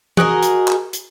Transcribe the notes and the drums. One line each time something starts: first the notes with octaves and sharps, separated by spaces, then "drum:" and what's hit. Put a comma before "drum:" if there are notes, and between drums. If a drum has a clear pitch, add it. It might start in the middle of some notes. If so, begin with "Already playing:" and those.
F#4 G#4 A#4 D#5, drum: tom E3
drum: hi-hat
drum: clap
drum: hi-hat